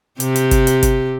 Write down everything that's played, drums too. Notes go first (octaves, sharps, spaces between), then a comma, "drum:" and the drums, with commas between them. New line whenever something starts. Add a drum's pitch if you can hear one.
C3 G4, drum: hi-hat
drum: hi-hat
drum: kick, hi-hat
drum: hi-hat
drum: kick, hi-hat